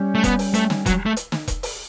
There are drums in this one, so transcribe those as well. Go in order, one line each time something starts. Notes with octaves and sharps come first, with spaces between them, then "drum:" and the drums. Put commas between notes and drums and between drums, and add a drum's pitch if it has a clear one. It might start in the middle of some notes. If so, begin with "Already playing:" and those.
Already playing: G3 C#4 G4
A3
B3, drum: kick E1, hi-hat
drum: open hi-hat
A3, drum: hi-hat
drum: snare
F#3, drum: kick E1, hi-hat
A3
drum: hi-hat
drum: snare
drum: kick E1, hi-hat
drum: open hi-hat